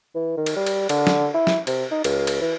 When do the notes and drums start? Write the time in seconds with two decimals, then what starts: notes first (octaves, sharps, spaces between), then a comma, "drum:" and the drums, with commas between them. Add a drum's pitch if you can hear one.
0.15 E3
0.37 D#3
0.46 drum: cymbal
0.56 G3
0.67 drum: cymbal
0.89 D3, drum: cymbal
1.07 drum: snare
1.34 E4
1.47 drum: snare
1.67 C3, drum: cymbal
1.91 D#4
2.04 C#2, drum: cymbal
2.27 drum: cymbal
2.41 E3